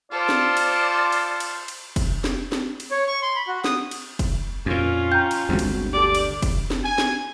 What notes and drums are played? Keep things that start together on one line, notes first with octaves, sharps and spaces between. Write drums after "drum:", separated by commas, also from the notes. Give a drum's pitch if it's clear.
F4 A4 C5 D5
drum: snare
drum: cymbal
drum: cymbal
drum: cymbal
drum: cymbal
drum: kick F1, cymbal
drum: snare
drum: snare
drum: cymbal
C#5
C#6
C6
B5
F#4
D#6, drum: snare
drum: cymbal
drum: kick F1, cymbal
F2 A#2 C#4 F4
G5 A#5 G6
drum: cymbal
G1 D2 G#3 C4 F#4
drum: cymbal
G4 A4 D5
drum: cymbal
drum: kick F1, cymbal
drum: snare
G#5
drum: snare